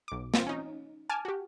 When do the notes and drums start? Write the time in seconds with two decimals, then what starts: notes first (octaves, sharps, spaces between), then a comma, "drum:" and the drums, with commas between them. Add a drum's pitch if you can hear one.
0.08 B1 D6
0.34 C4 F4, drum: snare
0.47 C#4 D#4
1.10 G#5 A5 D6 F6
1.25 F#4 G4